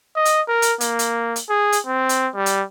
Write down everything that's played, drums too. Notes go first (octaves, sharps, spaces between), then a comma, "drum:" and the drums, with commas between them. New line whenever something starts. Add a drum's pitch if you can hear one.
D#5
drum: hi-hat
A#4
drum: hi-hat
A#3, drum: hi-hat
drum: hi-hat
drum: hi-hat
G#4
drum: hi-hat
C4
drum: hi-hat
G3
drum: hi-hat